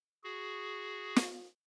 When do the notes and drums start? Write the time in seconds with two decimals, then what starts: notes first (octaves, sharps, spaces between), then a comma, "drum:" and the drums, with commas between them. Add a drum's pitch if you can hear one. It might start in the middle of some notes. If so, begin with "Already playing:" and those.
0.24 F#4 G#4
1.16 drum: snare